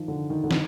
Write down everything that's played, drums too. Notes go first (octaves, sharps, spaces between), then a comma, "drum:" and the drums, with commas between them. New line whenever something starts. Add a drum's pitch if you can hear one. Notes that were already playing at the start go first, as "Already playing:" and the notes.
Already playing: D#3 F3
D3
D#3
D3
D#3, drum: snare